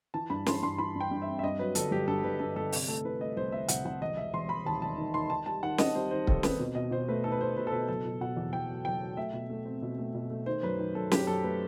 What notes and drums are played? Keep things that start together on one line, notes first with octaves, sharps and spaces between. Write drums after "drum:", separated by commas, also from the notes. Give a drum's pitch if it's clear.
E3 A5
G2 B5
E3 C6, drum: snare
G2 C6
E3 B5
G2
G5
G2
E5
C4
E5
G2 D#5
F#3 B4
G1 A4, drum: hi-hat
G1 G4
G2 A4
G1 B4
G2 A4
G1 A4
C3, drum: open hi-hat
A3 A4
E3 B4
A3 D#5
C2 C5
A3 E5
C2 F#5, drum: hi-hat
C2 F#5
E1 D#5
E1 E5
E1 C6
E1 B5
D#2 A5
E1 A5
D#3
D#3 C6
D#3 A5
G3 A5
D#3 F#5
C4 D#5, drum: snare
G3 C5
D#3 C5
D#2 A4, drum: kick C#1
C4 B4, drum: snare
B2
B2 D#5
B2 C5
A3 B4
D#4 A4
B4
B2 C5
B2 B4
A4
B2 B4
F#1 A4
B2
B2 F#5
E2
E2 G5
F#3
F#1 G5
F#3
A3 E5
B2
A3
C4
B2
A3
B2
A3
D#3 C5
F#2 B4
D#3
F#2 A4
F#2 G4, drum: snare
F#2 A4
A3 B4